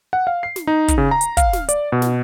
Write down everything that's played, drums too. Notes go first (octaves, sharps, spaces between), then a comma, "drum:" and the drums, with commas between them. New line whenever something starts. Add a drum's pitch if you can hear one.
F#5
F5
C7
drum: snare
D#4
drum: kick, hi-hat
C#3
A#5
drum: hi-hat
F5, drum: kick, hi-hat
drum: snare
D5, drum: hi-hat
B2
drum: snare